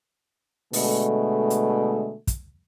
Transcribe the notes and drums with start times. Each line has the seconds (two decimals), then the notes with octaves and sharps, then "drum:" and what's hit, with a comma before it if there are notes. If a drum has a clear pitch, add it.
0.73 B2 D3 G#3 A3, drum: open hi-hat
1.50 drum: hi-hat
2.27 drum: kick, hi-hat